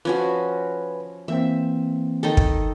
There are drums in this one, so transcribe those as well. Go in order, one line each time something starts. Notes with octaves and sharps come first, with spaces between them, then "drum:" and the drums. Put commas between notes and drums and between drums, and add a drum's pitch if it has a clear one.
F3 C#4 F#4 B4 G#5 B5
E3 A#3 C4 E5
D#3 D#4 A4
drum: kick